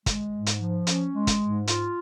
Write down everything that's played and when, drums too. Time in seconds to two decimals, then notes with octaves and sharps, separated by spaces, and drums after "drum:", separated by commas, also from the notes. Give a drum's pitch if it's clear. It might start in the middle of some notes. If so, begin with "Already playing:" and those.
0.06 G#3, drum: kick, hi-hat
0.33 G#2
0.46 drum: hi-hat
0.60 F3
0.87 C#4, drum: hi-hat
1.14 G#3
1.27 drum: kick, hi-hat
1.40 G#2
1.67 F4, drum: hi-hat